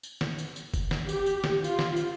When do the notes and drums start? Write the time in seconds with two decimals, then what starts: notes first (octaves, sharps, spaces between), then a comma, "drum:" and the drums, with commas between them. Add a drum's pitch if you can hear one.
0.03 drum: tambourine
0.21 drum: snare
0.38 drum: tambourine
0.56 drum: tambourine
0.74 drum: kick, tambourine
0.91 drum: snare
1.09 G4, drum: tambourine
1.26 drum: tambourine
1.44 drum: snare
1.64 F4, drum: tambourine
1.79 drum: snare
1.96 drum: tambourine